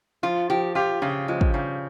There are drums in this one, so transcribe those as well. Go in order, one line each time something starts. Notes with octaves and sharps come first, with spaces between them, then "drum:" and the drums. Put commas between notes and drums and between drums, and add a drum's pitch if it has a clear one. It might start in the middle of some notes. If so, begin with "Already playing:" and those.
F3 F4
F3 G4
F4 G4
C#3 F4
F3 G#3
drum: kick
C#3 G3